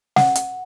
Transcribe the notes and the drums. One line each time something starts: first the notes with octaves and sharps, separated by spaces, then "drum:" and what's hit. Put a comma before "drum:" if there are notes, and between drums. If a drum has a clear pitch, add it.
F#5, drum: snare
drum: hi-hat